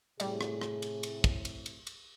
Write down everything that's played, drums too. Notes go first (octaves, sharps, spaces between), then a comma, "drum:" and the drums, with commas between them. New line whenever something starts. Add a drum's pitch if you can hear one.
A2 C3 G3 G#4 D5, drum: cymbal
drum: rim click
drum: rim click
drum: cymbal
drum: cymbal
drum: kick, cymbal
drum: cymbal
drum: cymbal
drum: cymbal